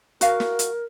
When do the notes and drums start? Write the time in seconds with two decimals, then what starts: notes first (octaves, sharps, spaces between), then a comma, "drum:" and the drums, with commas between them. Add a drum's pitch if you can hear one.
0.21 F#4 A#4 F5, drum: hi-hat
0.40 drum: snare
0.59 drum: hi-hat